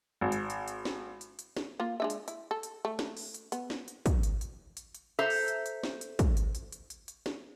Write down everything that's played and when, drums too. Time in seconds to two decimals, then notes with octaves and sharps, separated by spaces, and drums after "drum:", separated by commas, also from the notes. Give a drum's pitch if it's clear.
0.21 G#1
0.32 drum: hi-hat
0.50 drum: hi-hat
0.68 drum: hi-hat
0.85 drum: snare
1.21 drum: hi-hat
1.39 drum: hi-hat
1.57 drum: snare
1.80 A#3 F4
2.00 G#3 D4 E5
2.10 drum: hi-hat
2.28 E4, drum: hi-hat
2.51 A4
2.63 drum: hi-hat
2.85 A3
2.99 drum: snare
3.17 drum: open hi-hat
3.34 drum: hi-hat
3.52 B3, drum: hi-hat
3.70 drum: snare
3.88 drum: hi-hat
4.06 drum: kick, hi-hat
4.23 drum: hi-hat
4.41 drum: hi-hat
4.77 drum: hi-hat
4.95 drum: hi-hat
5.19 A4 C5 E5 A#5
5.30 drum: open hi-hat
5.48 drum: hi-hat
5.66 drum: hi-hat
5.83 drum: snare
6.01 drum: hi-hat
6.19 drum: kick, hi-hat
6.37 drum: hi-hat
6.55 drum: hi-hat
6.72 drum: hi-hat
6.90 drum: hi-hat
7.08 drum: hi-hat
7.26 drum: snare